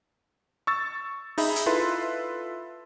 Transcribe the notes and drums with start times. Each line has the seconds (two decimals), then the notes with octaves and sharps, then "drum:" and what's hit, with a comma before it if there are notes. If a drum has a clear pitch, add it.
0.67 C#6 E6 A6
1.38 D#4 G#4 E5 B5, drum: open hi-hat
1.56 drum: hi-hat
1.66 E4 F4 A4 B4 E5 C6